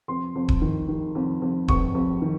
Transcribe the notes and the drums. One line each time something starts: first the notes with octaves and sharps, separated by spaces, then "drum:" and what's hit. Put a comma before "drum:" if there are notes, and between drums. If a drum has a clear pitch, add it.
F2 C6
F2
drum: kick D#1
D#3
D#3
F2
F2
F2 C#6, drum: kick D#1
F2
D#3